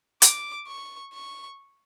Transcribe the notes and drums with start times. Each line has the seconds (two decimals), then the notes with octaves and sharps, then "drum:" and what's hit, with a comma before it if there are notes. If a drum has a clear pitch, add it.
0.22 D6, drum: hi-hat
0.67 C#6
1.13 C#6